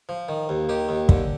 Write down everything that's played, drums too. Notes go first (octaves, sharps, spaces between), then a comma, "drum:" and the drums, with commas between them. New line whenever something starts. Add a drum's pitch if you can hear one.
F3
D#3
D#2
D#3 G4
D#2
D3, drum: kick